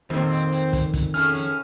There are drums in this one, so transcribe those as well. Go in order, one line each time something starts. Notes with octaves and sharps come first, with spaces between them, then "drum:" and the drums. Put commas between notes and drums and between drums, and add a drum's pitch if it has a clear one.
F2 A#2 D#3 C4
drum: hi-hat
drum: hi-hat
drum: kick, hi-hat
drum: kick, hi-hat
A2 C#3 C#4 F6, drum: hi-hat
drum: hi-hat